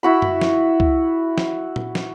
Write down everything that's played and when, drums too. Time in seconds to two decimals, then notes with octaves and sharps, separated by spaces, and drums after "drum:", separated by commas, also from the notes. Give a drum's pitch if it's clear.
0.03 E4 F#4 B5
0.22 drum: tom F#2
0.41 drum: snare
0.80 drum: kick
1.38 drum: snare
1.76 drum: tom A#2
1.95 drum: snare